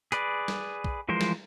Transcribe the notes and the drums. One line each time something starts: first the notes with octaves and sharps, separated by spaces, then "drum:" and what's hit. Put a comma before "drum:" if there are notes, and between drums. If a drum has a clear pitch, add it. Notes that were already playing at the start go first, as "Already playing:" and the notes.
G#4 B4 D5, drum: hi-hat
drum: snare
drum: kick
E3 F3 G#3 A#4 C5
drum: snare